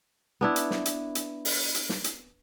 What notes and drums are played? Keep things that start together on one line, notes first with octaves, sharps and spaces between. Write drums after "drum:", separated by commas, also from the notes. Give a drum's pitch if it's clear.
B3 D4 E4
drum: hi-hat
drum: snare
drum: hi-hat
drum: hi-hat
drum: open hi-hat
drum: hi-hat
drum: snare
drum: hi-hat